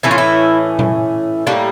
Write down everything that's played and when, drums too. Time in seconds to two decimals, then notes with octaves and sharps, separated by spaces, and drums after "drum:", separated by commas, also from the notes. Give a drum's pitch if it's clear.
0.03 A2 E3 A3 C#4 E4
0.11 F4
0.18 E4
0.79 drum: tom A#2
1.47 A2 G3 A#3 D4